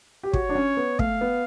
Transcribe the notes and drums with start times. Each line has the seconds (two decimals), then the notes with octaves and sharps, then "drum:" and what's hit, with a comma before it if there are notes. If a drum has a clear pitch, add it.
0.23 G4
0.33 F#4 C#5, drum: kick
0.49 D4
0.55 C#4
0.77 B3
0.99 A3 F5, drum: kick
1.21 B3